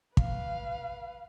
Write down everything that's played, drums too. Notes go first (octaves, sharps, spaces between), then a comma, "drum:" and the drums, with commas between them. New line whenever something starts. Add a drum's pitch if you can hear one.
B4 F5, drum: kick